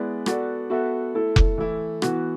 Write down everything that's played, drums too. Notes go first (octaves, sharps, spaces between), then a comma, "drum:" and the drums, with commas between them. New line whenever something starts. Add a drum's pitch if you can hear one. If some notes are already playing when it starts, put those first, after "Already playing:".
Already playing: G#3 B3 E4 B4 D5
B3 F#4 A4 D5, drum: rim click
B3 F#4 A4 E5
A3 E4 A4
drum: kick F1
E3 A3 E4
E3 B3 F#4, drum: rim click